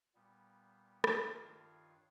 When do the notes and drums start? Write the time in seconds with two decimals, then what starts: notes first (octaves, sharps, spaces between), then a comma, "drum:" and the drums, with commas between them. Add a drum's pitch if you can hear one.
0.15 A#2 G3 B3
1.04 G2 D#3 D4 F4 C#5 F5, drum: rim click